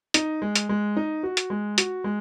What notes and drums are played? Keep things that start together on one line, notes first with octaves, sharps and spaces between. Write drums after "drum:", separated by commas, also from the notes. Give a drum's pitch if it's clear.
D#4, drum: hi-hat
G#3
drum: hi-hat
G#3
D#4
F#4
drum: hi-hat
G#3
F#4, drum: hi-hat
G#3